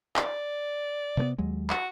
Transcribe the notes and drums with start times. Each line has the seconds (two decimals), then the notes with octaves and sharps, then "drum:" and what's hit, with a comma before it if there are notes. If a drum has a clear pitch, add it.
0.17 D5, drum: clap
1.17 C3 A3 B3
1.38 D#2 F#3 G#3
1.70 F#4, drum: clap